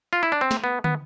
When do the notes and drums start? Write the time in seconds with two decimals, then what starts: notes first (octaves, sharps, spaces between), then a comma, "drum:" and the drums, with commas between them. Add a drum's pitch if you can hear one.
0.13 F4
0.23 E4
0.32 D4
0.41 C4
0.51 drum: snare
0.64 B3
0.84 B3, drum: tom